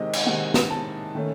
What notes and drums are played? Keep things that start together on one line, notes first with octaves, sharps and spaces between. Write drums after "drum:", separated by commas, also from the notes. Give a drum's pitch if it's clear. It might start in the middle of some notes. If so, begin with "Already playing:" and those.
Already playing: C3 D#3 G#3 C4 D#5
drum: cymbal
C3 D#3 G#3 C4 F#5
drum: snare
A5
D#3 A3 C#4